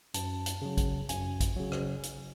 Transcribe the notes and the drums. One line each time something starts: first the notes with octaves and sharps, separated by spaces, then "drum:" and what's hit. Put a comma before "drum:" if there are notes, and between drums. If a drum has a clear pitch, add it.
F#2 A5, drum: hi-hat
drum: hi-hat
C#3 F#3
drum: kick A1, hi-hat
F#2 G#5, drum: hi-hat
drum: kick A1, hi-hat
C#3 F#3
drum: rim click
drum: hi-hat